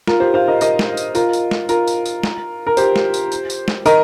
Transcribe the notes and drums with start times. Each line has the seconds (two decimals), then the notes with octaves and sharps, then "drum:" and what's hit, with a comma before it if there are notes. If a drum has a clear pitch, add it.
0.07 F4 A#4, drum: snare
0.20 G4 C5
0.34 C5 F5
0.48 A#4 D#5
0.61 A#4 D#5, drum: tambourine
0.79 drum: snare
0.97 drum: tambourine
1.15 F4 A#4, drum: tambourine
1.33 drum: tambourine
1.51 drum: snare
1.69 F4 A#4, drum: tambourine
1.87 drum: tambourine
2.05 drum: tambourine
2.24 drum: snare
2.67 A#4
2.77 G4 C5, drum: tambourine
2.96 drum: snare
3.14 drum: tambourine
3.32 drum: tambourine
3.50 drum: tambourine
3.68 drum: snare
3.86 A#4 D#5, drum: tambourine